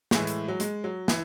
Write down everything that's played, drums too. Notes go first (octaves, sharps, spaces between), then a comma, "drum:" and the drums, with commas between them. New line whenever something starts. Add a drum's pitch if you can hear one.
A2 E3 G#3, drum: snare
drum: hi-hat
F#3
G#3, drum: hi-hat
F#3
E3, drum: snare